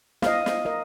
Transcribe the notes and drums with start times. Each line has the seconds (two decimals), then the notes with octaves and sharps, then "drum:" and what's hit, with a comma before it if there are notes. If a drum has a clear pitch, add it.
0.22 D#5 F5, drum: snare
0.46 drum: snare
0.65 A#4 D#5